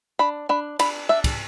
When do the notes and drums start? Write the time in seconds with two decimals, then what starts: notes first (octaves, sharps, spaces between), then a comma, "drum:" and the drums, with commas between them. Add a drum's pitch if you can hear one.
0.19 D4 B5
0.49 D4 B5
0.79 D4 B5, drum: cymbal
1.09 D4 E5
1.24 drum: kick, cymbal